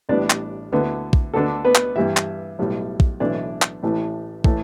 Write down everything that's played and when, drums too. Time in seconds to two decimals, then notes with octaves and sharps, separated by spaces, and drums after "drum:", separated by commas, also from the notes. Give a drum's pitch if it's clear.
0.09 A1 A2 G3 B3 D4 D5
0.30 drum: clap
0.72 D2 D3 B3 E4
1.13 drum: kick
1.34 D2 D3 B3 D4 A4
1.65 B3 B4
1.75 drum: clap
1.96 G2 E3 G3 E4 E5
2.17 drum: clap
2.59 B1 A2 G3
3.00 drum: kick
3.20 B1 A2 E3 A3 D4 E4 D5
3.62 drum: clap
3.83 A1 A2 E3 A3 E4
4.44 A2 E3 A3, drum: kick